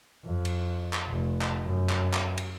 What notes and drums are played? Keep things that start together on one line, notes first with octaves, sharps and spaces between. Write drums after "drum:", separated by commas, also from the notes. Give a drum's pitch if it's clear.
F2
drum: cymbal
drum: clap
F1
drum: clap
F#2
drum: clap
drum: clap
drum: cymbal